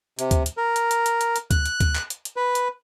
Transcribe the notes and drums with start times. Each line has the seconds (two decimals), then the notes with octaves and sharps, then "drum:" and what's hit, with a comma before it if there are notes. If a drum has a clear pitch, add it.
0.19 C3, drum: hi-hat
0.31 drum: kick, hi-hat
0.46 drum: hi-hat
0.57 A#4
0.76 drum: hi-hat
0.91 drum: hi-hat
1.06 drum: hi-hat
1.21 drum: hi-hat
1.36 drum: hi-hat
1.51 F#6, drum: kick, hi-hat
1.66 drum: hi-hat
1.80 drum: kick, hi-hat
1.95 drum: clap
2.10 drum: hi-hat
2.25 drum: hi-hat
2.37 B4
2.55 drum: hi-hat